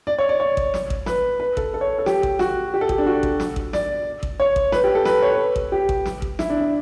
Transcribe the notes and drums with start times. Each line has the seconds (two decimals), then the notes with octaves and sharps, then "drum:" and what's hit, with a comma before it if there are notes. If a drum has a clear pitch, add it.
0.07 D5
0.18 C#5
0.29 D5
0.40 C#5
0.57 drum: kick A1
0.74 drum: snare
0.90 drum: kick A1
1.06 B4, drum: snare
1.40 B4
1.57 A4, drum: kick A1
1.74 A4
1.81 C#5
1.99 A4
2.06 G4, drum: snare
2.23 drum: kick A1
2.39 F#4, drum: snare
2.74 G4
2.81 A4
2.89 G4, drum: kick A1
2.98 D4
3.07 F#4
3.23 drum: kick A1
3.40 drum: snare
3.56 drum: kick A1
3.73 D5, drum: snare
4.23 drum: kick A1
4.40 C#5
4.56 drum: kick A1
4.72 B4, drum: snare
4.84 G4
4.95 A4
5.05 B4, drum: snare
5.22 C#5
5.31 B4
5.56 drum: kick A1
5.72 G4
5.89 drum: kick A1
6.05 drum: snare
6.22 drum: kick A1
6.39 E4, drum: snare
6.50 D4
6.61 D4